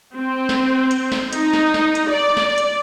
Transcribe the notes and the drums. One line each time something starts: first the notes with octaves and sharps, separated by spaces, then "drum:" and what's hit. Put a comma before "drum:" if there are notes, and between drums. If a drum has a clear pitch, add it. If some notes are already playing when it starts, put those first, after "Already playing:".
C4
drum: snare
drum: hi-hat
drum: snare
D#4, drum: hi-hat
drum: snare
drum: snare
drum: hi-hat
D5
drum: snare
drum: hi-hat